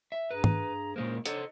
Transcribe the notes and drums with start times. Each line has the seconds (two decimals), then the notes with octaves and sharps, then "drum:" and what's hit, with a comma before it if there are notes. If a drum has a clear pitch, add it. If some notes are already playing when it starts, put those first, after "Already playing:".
0.12 E5
0.31 G2 G#4 B4 A#5
0.44 drum: tom G#2
0.96 A#2 G#3 A#3 C#4 A#4 C5
1.26 D4 A4 C5 C#5 D#5 F#5, drum: hi-hat